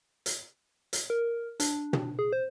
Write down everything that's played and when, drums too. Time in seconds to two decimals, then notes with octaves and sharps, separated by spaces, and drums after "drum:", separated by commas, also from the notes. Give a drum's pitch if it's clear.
0.26 drum: hi-hat
0.93 drum: hi-hat
1.10 A#4
1.60 D4, drum: hi-hat
1.93 drum: tom
2.19 G#4
2.33 C5